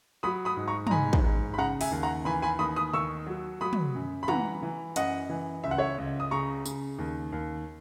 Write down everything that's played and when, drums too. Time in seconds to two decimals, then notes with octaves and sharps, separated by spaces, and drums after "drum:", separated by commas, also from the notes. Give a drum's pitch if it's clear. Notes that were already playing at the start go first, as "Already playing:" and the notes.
0.23 F#3 B5 D#6
0.45 B5 D#6
0.57 G#2
0.68 A#5 C#6
0.87 A#5, drum: tom
0.90 G#2 G#5 B5
1.13 drum: kick
1.24 G#2
1.54 B5
1.58 C#3 F#5 A#5
1.81 E5 G#5, drum: open hi-hat
1.91 D#2
2.03 F#5 A#5
2.25 E3 G#5 B5
2.42 G#5 B5
2.59 D#2 B5 D#6
2.76 B5 D#6
2.93 D#3 C#6 E6
3.27 F#3
3.61 F#3 B5 D#6
3.73 drum: tom
3.95 F#2
4.23 B5
4.28 E3 F#5 A#5, drum: tom
4.63 E3
4.96 F#2 D#5 F#5, drum: hi-hat
5.30 E3
5.64 C#2 E5
5.71 F#5
5.78 C#5 E5
5.98 C#2
6.20 D#6
6.31 C#3 A#5 C#6
6.66 C#3, drum: tambourine
6.98 D#2
7.32 D#2